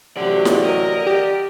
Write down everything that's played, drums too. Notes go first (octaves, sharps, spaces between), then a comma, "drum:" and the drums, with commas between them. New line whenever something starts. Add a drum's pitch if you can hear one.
A1 C3 F#3 G4 D5 F#5
drum: snare E4
A#4 D#5
G4